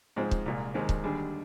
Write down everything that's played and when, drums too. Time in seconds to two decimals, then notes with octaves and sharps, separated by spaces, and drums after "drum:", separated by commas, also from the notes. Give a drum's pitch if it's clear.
0.16 G#2 F3 G#3 C4
0.31 drum: kick C#1
0.46 C2 A#2 G#3
0.74 D#2 D#3 G#3 C4
0.89 drum: kick C#1
1.04 D#2 D3 G3 D4 G#4